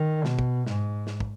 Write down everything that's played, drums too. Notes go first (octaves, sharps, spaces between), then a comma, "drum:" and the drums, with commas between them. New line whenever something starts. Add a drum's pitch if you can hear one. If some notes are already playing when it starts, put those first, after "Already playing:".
Already playing: D#3
B2, drum: snare
drum: kick
G#2, drum: snare
drum: snare
drum: kick